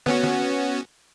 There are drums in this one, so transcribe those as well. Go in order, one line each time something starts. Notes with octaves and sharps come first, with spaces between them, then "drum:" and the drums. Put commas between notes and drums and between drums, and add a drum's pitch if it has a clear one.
B3 C#4 F#4, drum: snare
drum: snare